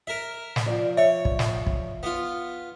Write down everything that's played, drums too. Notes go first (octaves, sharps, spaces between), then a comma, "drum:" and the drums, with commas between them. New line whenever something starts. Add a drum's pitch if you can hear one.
A#4 E5
drum: snare
F3 D5
C#5 E5
drum: kick
drum: snare
drum: kick
B3 F4